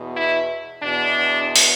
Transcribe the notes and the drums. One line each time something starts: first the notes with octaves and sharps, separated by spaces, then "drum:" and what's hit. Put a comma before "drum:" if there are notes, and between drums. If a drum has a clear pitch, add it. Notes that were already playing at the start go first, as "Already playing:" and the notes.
Already playing: E2 B2
E4
E2 B2 D4
drum: open hi-hat